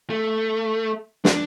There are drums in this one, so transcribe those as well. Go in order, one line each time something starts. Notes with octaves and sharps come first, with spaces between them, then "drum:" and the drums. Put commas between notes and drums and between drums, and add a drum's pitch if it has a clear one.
A3
D4, drum: snare